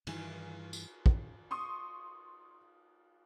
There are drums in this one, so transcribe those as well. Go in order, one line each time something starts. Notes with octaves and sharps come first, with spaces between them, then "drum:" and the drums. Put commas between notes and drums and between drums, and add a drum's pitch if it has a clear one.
G2 D#3 E3 E4 G#5, drum: cymbal
drum: tambourine
drum: kick
C6 C#6 D#6